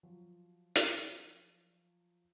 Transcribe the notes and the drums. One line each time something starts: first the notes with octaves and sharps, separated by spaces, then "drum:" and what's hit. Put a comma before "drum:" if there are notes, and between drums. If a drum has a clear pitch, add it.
F3 F#3
drum: hi-hat